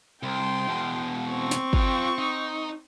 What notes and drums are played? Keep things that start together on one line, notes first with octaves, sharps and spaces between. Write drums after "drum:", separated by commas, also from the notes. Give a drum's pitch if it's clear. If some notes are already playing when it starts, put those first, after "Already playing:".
C2 G5 C6
E2 B2
C4 C#6
drum: snare
F4 G5, drum: kick
D#4